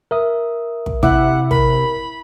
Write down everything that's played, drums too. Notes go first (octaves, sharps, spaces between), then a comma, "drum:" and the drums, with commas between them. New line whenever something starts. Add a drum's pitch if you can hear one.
A#4 E5 D#6
drum: kick
C3 E4 E5 F#5 D6, drum: kick
A#4 B5, drum: kick